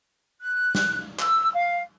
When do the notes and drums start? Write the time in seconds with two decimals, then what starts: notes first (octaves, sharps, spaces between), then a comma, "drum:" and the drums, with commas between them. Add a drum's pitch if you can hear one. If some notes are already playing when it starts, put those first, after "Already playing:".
0.41 F#6
0.75 drum: snare
1.19 E6, drum: clap
1.54 F5